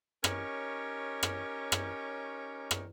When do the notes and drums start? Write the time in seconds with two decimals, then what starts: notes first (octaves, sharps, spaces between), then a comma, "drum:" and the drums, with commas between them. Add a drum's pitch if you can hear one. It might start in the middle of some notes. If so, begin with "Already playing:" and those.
0.24 C#4 D#4 G4 A#4 C#5, drum: rim click
1.23 drum: rim click
1.72 drum: rim click
2.71 drum: rim click